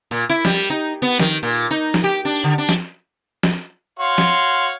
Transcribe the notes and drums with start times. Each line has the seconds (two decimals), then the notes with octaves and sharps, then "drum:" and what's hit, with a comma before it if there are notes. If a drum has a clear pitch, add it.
0.11 A#2
0.30 E4
0.45 G3, drum: snare
0.70 D#4
1.02 B3
1.20 D#3, drum: snare
1.43 A#2
1.71 D#4
1.94 drum: snare
2.04 G4
2.25 D4
2.44 D3
2.58 D4
2.69 drum: snare
3.43 drum: snare
3.99 F#4 C#5 F5 C6
4.18 drum: snare